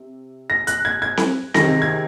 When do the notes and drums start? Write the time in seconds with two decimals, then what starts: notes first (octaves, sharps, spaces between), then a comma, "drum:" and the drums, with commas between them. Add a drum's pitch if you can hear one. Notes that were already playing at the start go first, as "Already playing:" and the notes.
Already playing: C3
0.50 A#6
0.67 F#6, drum: hi-hat
0.85 G#6
1.02 G#6
1.17 drum: snare C4
1.54 C#2 C3 D#3 A#6, drum: snare C4
1.82 G#6